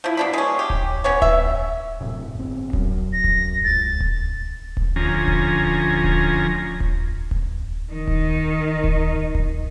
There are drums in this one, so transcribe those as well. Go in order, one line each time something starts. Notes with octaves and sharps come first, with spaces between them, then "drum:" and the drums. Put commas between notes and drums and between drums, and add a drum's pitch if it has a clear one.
F3 E4
B2 D4 B5
G#3 C#4
G4
drum: kick D1
B3 C#4 C#5
E5, drum: kick D1
F#2 A2 C3
G1 C4
F#2, drum: kick D1
A#6
drum: kick D1
C#2 A6
drum: kick D1
drum: kick D1
D2 F3 C#4 G#5 A#5
drum: kick D1
drum: kick D1
drum: kick D1
drum: kick D1
D#3 D#4
drum: kick D1
drum: kick D1
drum: kick D1